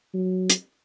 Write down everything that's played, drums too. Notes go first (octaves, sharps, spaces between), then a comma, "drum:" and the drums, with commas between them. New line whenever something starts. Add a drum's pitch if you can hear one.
F#3
drum: hi-hat